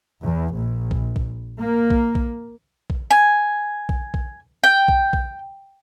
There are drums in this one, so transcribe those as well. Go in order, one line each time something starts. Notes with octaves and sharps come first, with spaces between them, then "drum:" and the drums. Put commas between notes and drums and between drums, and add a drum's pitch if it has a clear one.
E2
A#1
drum: kick
drum: kick
A#3
drum: kick
drum: kick
drum: kick
G#5
drum: kick
drum: kick
G5
drum: kick
drum: kick